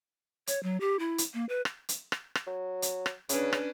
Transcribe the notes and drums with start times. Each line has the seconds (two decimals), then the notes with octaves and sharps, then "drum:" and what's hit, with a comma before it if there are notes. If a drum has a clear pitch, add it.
0.47 C#5, drum: hi-hat
0.63 F#3
0.80 G4
0.99 E4
1.18 drum: hi-hat
1.34 A#3
1.49 B4
1.65 drum: rim click
1.89 drum: hi-hat
2.12 drum: rim click
2.35 drum: rim click
2.47 F#3
2.82 drum: hi-hat
3.06 drum: rim click
3.29 C#3 C#4 D4 B4, drum: hi-hat
3.53 drum: rim click